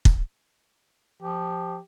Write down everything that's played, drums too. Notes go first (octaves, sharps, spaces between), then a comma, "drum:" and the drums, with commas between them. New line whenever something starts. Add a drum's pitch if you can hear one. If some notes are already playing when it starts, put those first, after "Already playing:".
drum: kick
F3 G4